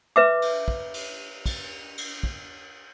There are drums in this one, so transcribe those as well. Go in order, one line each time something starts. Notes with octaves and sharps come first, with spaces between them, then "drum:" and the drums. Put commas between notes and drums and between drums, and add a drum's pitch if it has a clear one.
B4 E5 D6
drum: cymbal
drum: kick
drum: cymbal
drum: kick, cymbal
drum: cymbal
drum: kick